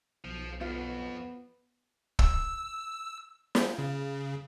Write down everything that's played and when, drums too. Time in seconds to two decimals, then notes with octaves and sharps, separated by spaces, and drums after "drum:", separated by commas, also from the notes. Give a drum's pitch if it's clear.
0.25 B1 F3
0.61 F2 B3 F4
2.19 E6, drum: kick
3.55 drum: snare
3.78 C#3